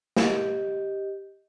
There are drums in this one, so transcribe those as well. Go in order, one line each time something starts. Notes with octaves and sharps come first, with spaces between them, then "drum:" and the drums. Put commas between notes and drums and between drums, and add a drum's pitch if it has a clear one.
G4 D#5, drum: snare